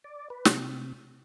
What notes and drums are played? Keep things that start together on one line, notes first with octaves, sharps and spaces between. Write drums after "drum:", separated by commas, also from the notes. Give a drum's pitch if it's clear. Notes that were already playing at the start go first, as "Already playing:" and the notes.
D5
B4
C3, drum: snare